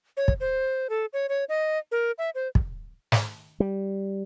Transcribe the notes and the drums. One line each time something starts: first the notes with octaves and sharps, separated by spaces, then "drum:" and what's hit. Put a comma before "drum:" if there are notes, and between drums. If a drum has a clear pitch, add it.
C#5
drum: kick
C5
A4
C#5
C#5
D#5
A#4
E5
C5
drum: kick
drum: snare
G3